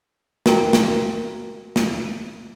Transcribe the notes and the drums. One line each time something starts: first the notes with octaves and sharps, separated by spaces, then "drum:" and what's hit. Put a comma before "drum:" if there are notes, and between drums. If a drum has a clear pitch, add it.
F#4 A#4 G5 A#5, drum: snare
drum: snare
drum: snare